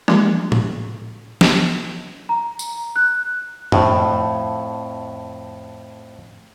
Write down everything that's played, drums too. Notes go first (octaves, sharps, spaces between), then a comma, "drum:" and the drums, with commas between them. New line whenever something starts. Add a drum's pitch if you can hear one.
E3 F3 G3 G#3 A#3 D4, drum: rim click
drum: tom A2
drum: snare
A#5
drum: tambourine
F#6
F2 A2, drum: tom F#2